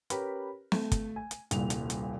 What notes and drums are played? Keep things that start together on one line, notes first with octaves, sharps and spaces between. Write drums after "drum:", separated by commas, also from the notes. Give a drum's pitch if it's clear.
C#4 G4 A#4 B4 B5, drum: hi-hat
A3, drum: snare
drum: kick, hi-hat
G#5
drum: hi-hat
D#1 C2 A#2 F7, drum: hi-hat
drum: hi-hat
drum: hi-hat